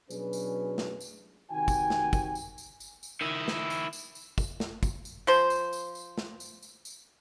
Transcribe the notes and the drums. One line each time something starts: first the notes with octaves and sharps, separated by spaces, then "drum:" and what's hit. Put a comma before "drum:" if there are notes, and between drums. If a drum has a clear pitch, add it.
B2 F#3 C#4 D4 G#4 B4, drum: tambourine
drum: tambourine
drum: snare
drum: tambourine
C3 D#3 F#4 G5 G#5
drum: kick, tambourine
drum: snare
drum: kick, tambourine
drum: tambourine
drum: tambourine
drum: tambourine
drum: tambourine
D#3 E4
drum: snare
drum: tambourine
drum: tambourine
drum: tambourine
drum: kick, tambourine
drum: snare
drum: kick, tambourine
drum: tambourine
F3 C5, drum: tambourine
drum: tambourine
drum: tambourine
drum: tambourine
drum: snare
drum: tambourine
drum: tambourine
drum: tambourine